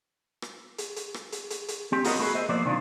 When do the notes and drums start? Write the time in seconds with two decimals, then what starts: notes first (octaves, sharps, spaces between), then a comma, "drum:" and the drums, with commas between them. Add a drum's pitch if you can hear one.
0.42 drum: rim click
0.78 drum: hi-hat
0.96 drum: hi-hat
1.14 drum: rim click
1.32 drum: hi-hat
1.50 drum: hi-hat
1.68 drum: hi-hat
1.92 C4 G4
2.04 B3 F4 F#4 A#4 C#5 D#5, drum: open hi-hat
2.19 A3 E4 F#4 G#4
2.35 C5 D#5 E5
2.49 F3 A#3 B3 C5 D5
2.65 C3 D#3 F3 F#3 D4 F4